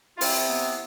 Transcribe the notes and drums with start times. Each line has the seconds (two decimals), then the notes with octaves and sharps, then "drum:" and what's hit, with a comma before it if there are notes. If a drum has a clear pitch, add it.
0.17 F4
0.21 C3 C4 E4, drum: open hi-hat
0.49 B3